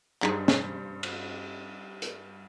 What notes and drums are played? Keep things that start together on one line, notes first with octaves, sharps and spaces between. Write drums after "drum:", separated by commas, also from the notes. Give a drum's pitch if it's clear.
G2 G3 D4 D#4 G#4 C5, drum: clap
drum: snare
drum: cymbal
drum: hi-hat